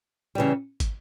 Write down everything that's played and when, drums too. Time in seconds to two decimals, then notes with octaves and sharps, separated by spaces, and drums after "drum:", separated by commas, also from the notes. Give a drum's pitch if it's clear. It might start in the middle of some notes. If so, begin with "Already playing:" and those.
0.35 C#3 E3 G3
0.80 drum: kick, hi-hat